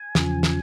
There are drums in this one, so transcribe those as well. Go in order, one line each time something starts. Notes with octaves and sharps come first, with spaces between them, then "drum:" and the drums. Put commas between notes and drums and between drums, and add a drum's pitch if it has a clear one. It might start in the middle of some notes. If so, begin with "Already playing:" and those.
Already playing: G#5
E2 C#3 F3, drum: snare
drum: snare